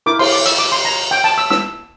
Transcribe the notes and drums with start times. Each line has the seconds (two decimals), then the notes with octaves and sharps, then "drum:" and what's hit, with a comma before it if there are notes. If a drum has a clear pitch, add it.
0.06 E4 A#4 D6
0.19 C6, drum: cymbal
0.32 D6
0.46 E6, drum: cymbal
0.59 D6
0.72 C6
0.85 A#5
1.11 G5
1.24 A5
1.38 E6
1.51 E6, drum: snare